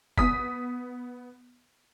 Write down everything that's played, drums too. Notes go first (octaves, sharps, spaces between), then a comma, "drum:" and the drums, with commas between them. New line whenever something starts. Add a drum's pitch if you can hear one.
B3 D#6 B6, drum: kick